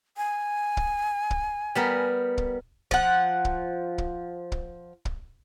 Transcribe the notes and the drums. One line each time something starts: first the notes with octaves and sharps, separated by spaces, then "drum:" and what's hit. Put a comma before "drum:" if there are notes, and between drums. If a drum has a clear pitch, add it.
G#5
drum: kick
drum: kick
G3 B3 A#4
drum: kick
F3 F#5, drum: kick
drum: kick
drum: kick
drum: kick
drum: kick